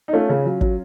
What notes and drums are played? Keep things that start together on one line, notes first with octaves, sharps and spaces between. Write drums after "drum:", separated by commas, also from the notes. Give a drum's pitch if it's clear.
D#4
A3 C#4 F4
C#3
F#3
F#3, drum: kick